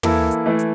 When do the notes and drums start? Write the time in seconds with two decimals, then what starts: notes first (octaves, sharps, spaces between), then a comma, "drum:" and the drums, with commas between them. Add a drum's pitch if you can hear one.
0.03 E3 A#3 E4 A4, drum: tom
0.31 drum: hi-hat
0.46 E3 A3 E4
0.59 drum: hi-hat